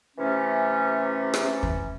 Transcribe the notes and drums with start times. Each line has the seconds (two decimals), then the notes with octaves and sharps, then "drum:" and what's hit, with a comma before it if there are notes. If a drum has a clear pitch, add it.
0.17 C3 E3 A3 C#4
1.34 drum: rim click
1.63 drum: kick